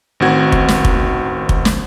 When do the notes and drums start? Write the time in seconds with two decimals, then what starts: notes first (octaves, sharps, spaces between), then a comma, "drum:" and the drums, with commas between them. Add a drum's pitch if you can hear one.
0.20 A1 D#3 C4 F#4 G#6
0.52 drum: kick
0.68 drum: snare
0.85 drum: kick
1.49 drum: kick
1.65 drum: snare